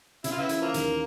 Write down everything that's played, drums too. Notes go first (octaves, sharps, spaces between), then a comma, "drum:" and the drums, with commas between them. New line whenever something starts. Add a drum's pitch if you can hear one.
C#3 E4, drum: hi-hat
F4
B3 E4
E3, drum: hi-hat
F3 A#3
D#2, drum: hi-hat